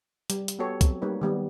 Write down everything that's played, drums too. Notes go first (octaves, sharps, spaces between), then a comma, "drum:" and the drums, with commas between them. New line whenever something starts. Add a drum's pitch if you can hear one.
G3, drum: hi-hat
drum: hi-hat
B3 F#4 G4 A4 C#5
F#3 C4, drum: kick, hi-hat
G3 G#3 A#3 D#4 B4 C#5
D#3 G3 B3